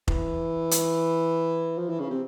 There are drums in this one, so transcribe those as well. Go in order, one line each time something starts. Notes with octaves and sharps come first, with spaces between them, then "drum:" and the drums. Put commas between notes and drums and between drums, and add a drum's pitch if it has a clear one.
E3, drum: kick F1
drum: hi-hat
F3
E3
C#3
C3